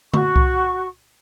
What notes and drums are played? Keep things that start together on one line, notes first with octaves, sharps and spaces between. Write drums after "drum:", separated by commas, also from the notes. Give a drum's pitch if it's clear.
F#4 C#6, drum: tom D3
drum: kick C2